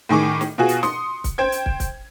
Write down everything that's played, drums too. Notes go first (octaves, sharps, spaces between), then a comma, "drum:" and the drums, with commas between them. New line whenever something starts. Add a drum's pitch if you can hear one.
A2 D#3 G#4 C#6 D6
drum: snare
B2 F4 F#4 G#4
drum: hi-hat
C6 D#6 C#7, drum: snare
drum: kick, hi-hat
C5 G5 G#6
drum: hi-hat
drum: kick
drum: kick, hi-hat